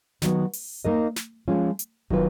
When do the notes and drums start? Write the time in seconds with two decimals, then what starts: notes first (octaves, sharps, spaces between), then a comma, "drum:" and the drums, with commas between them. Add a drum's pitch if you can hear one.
0.22 D#3 F#3 B3 F#4, drum: snare
0.53 drum: open hi-hat
0.85 A#3 D#4 A#4 D#5
1.16 drum: snare
1.48 F3 G#3 C#4 F4
1.79 drum: hi-hat
2.10 D#3 F#3 B3 F4 B4, drum: kick